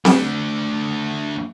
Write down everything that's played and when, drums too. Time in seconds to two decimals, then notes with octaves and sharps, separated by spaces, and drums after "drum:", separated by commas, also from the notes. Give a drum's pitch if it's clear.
0.05 A3 D4, drum: snare C4